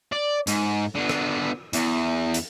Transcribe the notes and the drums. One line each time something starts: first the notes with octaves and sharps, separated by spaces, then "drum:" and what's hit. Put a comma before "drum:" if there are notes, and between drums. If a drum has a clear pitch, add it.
D5
G#2, drum: hi-hat
D3 B3
drum: rim click
E2, drum: hi-hat
drum: hi-hat